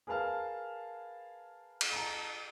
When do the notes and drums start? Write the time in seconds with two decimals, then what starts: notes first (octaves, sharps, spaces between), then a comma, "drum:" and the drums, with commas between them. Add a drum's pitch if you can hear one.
0.07 G#4 A#4 B4 F5 A5 F6
1.81 drum: cymbal
1.92 A5 A#5